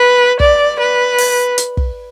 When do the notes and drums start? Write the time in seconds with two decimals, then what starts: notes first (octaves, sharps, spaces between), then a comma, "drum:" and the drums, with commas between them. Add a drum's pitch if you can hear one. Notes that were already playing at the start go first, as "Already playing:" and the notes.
Already playing: B4
0.40 D5, drum: kick
0.79 B4
1.18 drum: open hi-hat
1.58 drum: hi-hat
1.77 drum: kick